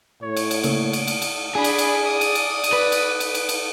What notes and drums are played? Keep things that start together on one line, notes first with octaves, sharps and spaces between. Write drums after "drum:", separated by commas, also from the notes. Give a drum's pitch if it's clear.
A2 C#5
drum: cymbal
drum: cymbal
C#3 A3 A#3 C#5, drum: cymbal
drum: cymbal
drum: cymbal
drum: cymbal
D4 G#4 B5
drum: cymbal
drum: cymbal
D5 D#6
drum: cymbal
drum: cymbal
drum: cymbal
B4
drum: cymbal
drum: cymbal
drum: cymbal
drum: cymbal